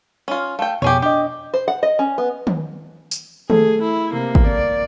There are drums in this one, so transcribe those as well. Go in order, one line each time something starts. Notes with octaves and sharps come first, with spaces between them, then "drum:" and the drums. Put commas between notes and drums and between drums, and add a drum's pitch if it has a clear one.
C#4 F4
A3 F5 G5
F2 B2 G4 G#4 C#5
D4 G4 D#5
C5
F#5
D#5
C#4
B3
drum: tom D#3
drum: tambourine
A3 G#4, drum: tom D#3
E4
C3 A#3
drum: kick G#1
D5